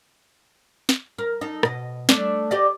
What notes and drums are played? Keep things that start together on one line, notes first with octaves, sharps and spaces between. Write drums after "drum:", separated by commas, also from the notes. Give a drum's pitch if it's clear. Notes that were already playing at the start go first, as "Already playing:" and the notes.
drum: snare
A#4
D#4 A4
B2 D#5, drum: rim click
A3 D4, drum: snare
G4 D5 D#5